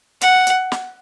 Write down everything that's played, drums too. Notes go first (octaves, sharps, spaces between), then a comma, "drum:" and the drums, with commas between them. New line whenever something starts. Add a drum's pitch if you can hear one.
F#5, drum: hi-hat
drum: hi-hat
drum: snare